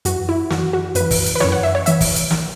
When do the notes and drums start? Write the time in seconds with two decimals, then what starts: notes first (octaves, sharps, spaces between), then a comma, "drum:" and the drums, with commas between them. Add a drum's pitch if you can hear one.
0.05 F#2 E3 F#4, drum: hi-hat
0.29 E4
0.50 F#2 E3 F#4, drum: snare
0.73 F#4
0.95 F#2 B4, drum: hi-hat
1.01 E3
1.11 drum: kick, open hi-hat
1.26 drum: hi-hat
1.35 B4
1.40 F#2 E3 C#5, drum: snare
1.52 F#5
1.63 E5
1.75 C#5
1.86 E3 E5, drum: hi-hat
2.01 drum: kick, open hi-hat
2.16 drum: hi-hat
2.31 drum: snare